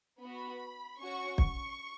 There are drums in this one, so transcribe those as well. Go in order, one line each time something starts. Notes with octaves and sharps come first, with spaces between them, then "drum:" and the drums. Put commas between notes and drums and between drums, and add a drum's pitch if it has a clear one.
B3 F#4 B5
C#4 F#4 C#6
C#6, drum: kick